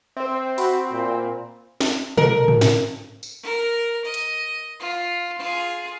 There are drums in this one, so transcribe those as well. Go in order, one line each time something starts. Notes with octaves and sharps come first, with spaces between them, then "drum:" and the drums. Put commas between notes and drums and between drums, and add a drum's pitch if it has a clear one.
C4 C5 E5
F#4 B5, drum: open hi-hat
A#2
drum: snare
A#4, drum: tom
drum: tom
drum: snare
drum: tambourine
A#4
D#5
drum: hi-hat
F4
F4 G#4